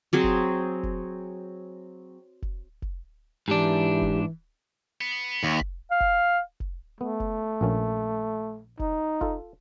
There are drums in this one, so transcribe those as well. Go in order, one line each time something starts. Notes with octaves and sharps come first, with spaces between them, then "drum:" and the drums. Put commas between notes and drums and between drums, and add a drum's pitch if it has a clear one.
F#3 C4 G#4
drum: kick F1
drum: kick F1
drum: kick F1
drum: kick F1
G#2 E3 D4 G4
drum: kick F1
B3
D#2
drum: kick F1
F5
drum: kick F1
drum: kick F1
A3 B3
drum: kick F1
A#1 A#2 C#4
D#4, drum: kick F1
F4 A4, drum: kick F1